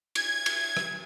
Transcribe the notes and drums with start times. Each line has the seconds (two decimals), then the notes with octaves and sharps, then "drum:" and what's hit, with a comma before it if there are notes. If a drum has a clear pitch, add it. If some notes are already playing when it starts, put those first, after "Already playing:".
0.15 G#6, drum: cymbal
0.46 drum: cymbal
0.77 drum: rim click